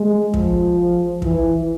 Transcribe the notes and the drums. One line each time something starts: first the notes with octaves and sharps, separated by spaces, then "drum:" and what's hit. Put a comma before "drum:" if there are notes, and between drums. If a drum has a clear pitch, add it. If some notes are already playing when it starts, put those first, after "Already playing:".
Already playing: G#3
F3, drum: kick
E3, drum: kick